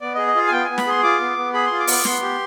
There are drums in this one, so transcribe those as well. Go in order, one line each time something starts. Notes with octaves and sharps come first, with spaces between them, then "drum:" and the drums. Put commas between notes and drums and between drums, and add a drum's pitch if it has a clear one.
B3 D5
G#4 D#5
D#5
F4 F5
G#5
B3 G5
B3 G#5
B5, drum: snare
G#4 C6
F4 D6
B3
B3
G#4 B5
C6
F4
D6
B3, drum: open hi-hat
D6
B3 C6, drum: snare
G4